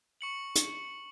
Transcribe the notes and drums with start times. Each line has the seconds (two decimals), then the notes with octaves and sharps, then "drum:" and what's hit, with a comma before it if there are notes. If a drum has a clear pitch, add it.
0.21 C#6 C#7 F#7
0.56 drum: hi-hat